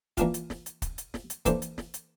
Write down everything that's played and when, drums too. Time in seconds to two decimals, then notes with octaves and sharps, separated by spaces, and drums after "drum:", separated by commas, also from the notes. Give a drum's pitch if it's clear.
0.17 E3 A#3 D4 F4, drum: kick, hi-hat
0.34 drum: hi-hat
0.50 drum: snare
0.66 drum: hi-hat
0.82 drum: kick, hi-hat
0.98 drum: hi-hat
1.14 drum: snare
1.30 drum: hi-hat
1.45 E3 A#3 D4 A4 C5, drum: kick, hi-hat
1.62 drum: hi-hat
1.78 drum: snare
1.94 drum: hi-hat